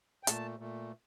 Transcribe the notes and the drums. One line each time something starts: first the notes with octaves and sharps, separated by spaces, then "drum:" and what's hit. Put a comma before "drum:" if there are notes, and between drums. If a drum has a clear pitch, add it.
G5
A#2 A3 A5, drum: hi-hat
A#2 A3